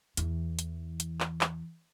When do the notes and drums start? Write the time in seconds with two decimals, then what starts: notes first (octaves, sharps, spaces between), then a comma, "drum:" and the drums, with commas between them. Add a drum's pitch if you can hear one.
0.17 E2 E3, drum: hi-hat
0.59 drum: hi-hat
1.00 drum: hi-hat
1.20 drum: clap
1.41 drum: clap